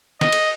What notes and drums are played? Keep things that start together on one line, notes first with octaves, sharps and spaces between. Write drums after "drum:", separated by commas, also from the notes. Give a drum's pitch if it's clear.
D#5, drum: snare
drum: cymbal